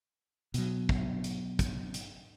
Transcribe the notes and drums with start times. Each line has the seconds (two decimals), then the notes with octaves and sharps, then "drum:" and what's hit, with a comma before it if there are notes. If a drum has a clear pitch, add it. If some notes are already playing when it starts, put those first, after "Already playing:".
0.54 B2 F#3, drum: hi-hat
0.89 drum: kick
1.24 drum: hi-hat
1.59 drum: kick, hi-hat
1.94 drum: hi-hat